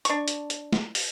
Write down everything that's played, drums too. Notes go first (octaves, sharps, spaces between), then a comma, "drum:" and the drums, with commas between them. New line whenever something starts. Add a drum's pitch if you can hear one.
D4 C#6, drum: hi-hat
drum: hi-hat
drum: hi-hat
drum: snare
drum: open hi-hat